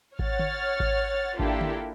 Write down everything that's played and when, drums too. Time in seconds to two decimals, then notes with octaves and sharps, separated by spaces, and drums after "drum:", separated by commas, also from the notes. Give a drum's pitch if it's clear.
0.19 C#5 F#5 F6 A6, drum: kick G#1
0.39 drum: tom D3
0.80 drum: kick G#1
1.39 A#3 D4 E4 F4 G4 A4, drum: kick G#1
1.61 drum: tom D3